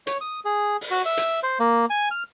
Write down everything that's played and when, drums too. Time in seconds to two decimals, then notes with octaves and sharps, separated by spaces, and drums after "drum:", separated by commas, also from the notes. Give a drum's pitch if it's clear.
0.07 C#5, drum: hi-hat
0.21 D#6
0.45 G#4
0.81 drum: open hi-hat
0.91 F#4
1.05 E5
1.17 drum: hi-hat
1.43 C5
1.60 A#3
1.90 G#5
2.11 F6